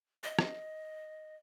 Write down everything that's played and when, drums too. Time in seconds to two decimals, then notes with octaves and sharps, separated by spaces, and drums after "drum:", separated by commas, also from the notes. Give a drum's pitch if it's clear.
0.24 D#5
0.39 drum: rim click